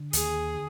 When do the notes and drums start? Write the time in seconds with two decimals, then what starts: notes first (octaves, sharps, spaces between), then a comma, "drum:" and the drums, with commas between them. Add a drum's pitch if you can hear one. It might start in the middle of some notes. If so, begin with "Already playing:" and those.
Already playing: D3
0.13 D#2 G#4, drum: hi-hat
0.54 D3